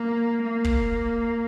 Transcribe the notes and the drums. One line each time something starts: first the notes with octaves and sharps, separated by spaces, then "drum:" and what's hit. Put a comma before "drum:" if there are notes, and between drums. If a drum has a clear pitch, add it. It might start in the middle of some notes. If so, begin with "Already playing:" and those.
Already playing: A#3
A#3
drum: kick